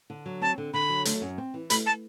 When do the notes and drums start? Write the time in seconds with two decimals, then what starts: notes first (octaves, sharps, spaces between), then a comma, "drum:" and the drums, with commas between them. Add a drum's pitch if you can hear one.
0.10 D3
0.26 F#3
0.41 C4 A5
0.58 D3
0.74 D3 B5
0.89 F#3
1.05 A3, drum: hi-hat
1.22 F#2
1.38 C4
1.54 E3
1.70 A3 B5, drum: hi-hat
1.86 A5